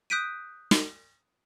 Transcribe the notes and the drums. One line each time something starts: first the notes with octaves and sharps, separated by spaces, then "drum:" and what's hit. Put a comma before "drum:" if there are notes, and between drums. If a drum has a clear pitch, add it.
D#6 F#6 G6 B6 D7 D#7
drum: snare